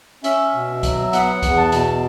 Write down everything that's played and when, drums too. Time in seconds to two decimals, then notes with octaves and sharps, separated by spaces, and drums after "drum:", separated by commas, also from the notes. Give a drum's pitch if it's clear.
0.24 C#4 E5, drum: hi-hat
0.54 B2
0.83 F#3, drum: kick C2, hi-hat
1.13 B3 F#5, drum: hi-hat
1.43 E2, drum: kick C2, hi-hat
1.57 A5
1.72 B2, drum: hi-hat